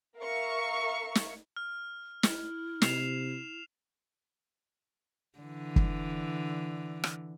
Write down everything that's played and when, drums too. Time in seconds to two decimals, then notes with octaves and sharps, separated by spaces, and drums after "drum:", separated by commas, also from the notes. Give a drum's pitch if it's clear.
0.19 A#4 E5 F5 C#6
1.15 drum: snare
1.56 F6
2.23 E4, drum: snare
2.82 C3 C7 E7 F7, drum: snare
5.39 D3 E3
5.76 drum: kick
7.04 drum: rim click